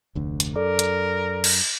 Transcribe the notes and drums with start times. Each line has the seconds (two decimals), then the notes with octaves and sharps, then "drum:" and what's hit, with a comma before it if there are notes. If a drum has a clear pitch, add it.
0.15 F1 D2 D3
0.40 drum: hi-hat
0.56 F#2 A4 A#4 D5 D6
0.79 drum: hi-hat
1.44 drum: cymbal